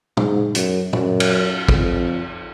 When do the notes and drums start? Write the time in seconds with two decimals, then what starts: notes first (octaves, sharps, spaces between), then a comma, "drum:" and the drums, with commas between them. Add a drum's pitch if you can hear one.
0.17 G#2, drum: tom
0.55 F#2, drum: hi-hat
0.93 F#2, drum: tom
1.20 drum: cymbal
1.69 F2, drum: kick